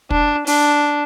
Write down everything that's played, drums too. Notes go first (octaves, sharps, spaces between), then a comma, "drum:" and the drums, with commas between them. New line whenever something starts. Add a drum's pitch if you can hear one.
D4, drum: kick
D4, drum: open hi-hat